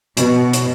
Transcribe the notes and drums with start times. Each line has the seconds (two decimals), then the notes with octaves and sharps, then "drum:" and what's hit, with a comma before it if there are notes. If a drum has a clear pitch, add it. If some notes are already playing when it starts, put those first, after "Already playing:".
0.17 B2, drum: hi-hat
0.53 drum: hi-hat